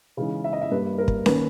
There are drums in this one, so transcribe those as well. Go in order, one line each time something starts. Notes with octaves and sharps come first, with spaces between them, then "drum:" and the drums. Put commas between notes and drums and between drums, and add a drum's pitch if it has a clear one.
C#3 E3 G#3 D#4
E5
D#5
E5
G2 G3 A#3 B4
A#4
drum: kick
D#3 A#3 C#4 B4, drum: snare C#4